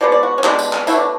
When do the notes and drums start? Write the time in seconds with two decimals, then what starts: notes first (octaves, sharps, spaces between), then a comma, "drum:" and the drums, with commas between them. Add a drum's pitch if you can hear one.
0.01 B2 G#3 B3 D5
0.12 D5
0.23 F#4
0.38 C#4
0.44 B2 G#3 B3 D4, drum: clap
0.59 drum: tambourine
0.73 drum: clap
0.87 B2 F#3 A3 E4, drum: tambourine
0.96 D4